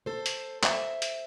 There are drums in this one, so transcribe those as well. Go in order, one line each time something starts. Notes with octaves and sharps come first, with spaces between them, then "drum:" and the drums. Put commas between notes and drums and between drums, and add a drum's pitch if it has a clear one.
A4 C5
drum: hi-hat
C5 E5, drum: clap
drum: hi-hat